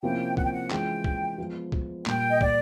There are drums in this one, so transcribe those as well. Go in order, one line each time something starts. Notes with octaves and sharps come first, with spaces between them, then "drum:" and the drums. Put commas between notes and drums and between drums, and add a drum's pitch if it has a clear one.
C3 F3 A#3 C#4 E4 G5
F#5, drum: kick
G5
F#5
E3 G#3 C#4 F4 G#4 G5, drum: clap
drum: kick
F3 G#3 B3
drum: kick
A#2 G3 A#3 G5, drum: clap
D#5
D5, drum: kick